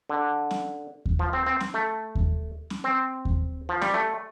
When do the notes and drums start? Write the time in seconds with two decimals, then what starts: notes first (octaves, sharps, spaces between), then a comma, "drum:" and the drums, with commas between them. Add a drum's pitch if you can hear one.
0.09 D3
0.51 drum: snare C#4
1.06 drum: kick D#2
1.19 F3
1.33 C4
1.46 C4
1.60 drum: snare C#4
1.74 A3
2.15 drum: kick D#2
2.70 drum: snare C#4
2.84 C4
3.25 drum: kick D#2
3.69 F3
3.82 G3, drum: snare C#4
3.94 A3